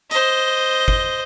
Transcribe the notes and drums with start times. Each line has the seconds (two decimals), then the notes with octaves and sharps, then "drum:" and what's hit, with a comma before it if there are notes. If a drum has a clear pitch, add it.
0.11 C5 D#5, drum: hi-hat
0.88 drum: kick